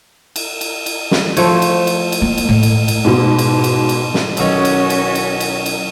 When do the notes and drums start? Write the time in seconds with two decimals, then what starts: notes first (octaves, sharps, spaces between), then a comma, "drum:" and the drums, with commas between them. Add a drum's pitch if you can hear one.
0.36 drum: cymbal
0.61 drum: cymbal
0.86 drum: cymbal
1.11 drum: snare
1.37 F3 A3 C#5, drum: cymbal
1.62 drum: cymbal
1.87 drum: cymbal
2.12 drum: cymbal
2.22 A#3
2.38 drum: cymbal
2.49 A2
2.63 drum: cymbal
2.88 drum: cymbal
3.05 G#2 B2
3.39 drum: cymbal
3.64 drum: cymbal
3.89 drum: cymbal
4.14 drum: snare
4.37 B1 D#3 C#4 F#4, drum: cymbal
4.65 drum: cymbal
4.90 drum: cymbal
5.15 drum: cymbal
5.40 drum: cymbal
5.66 drum: cymbal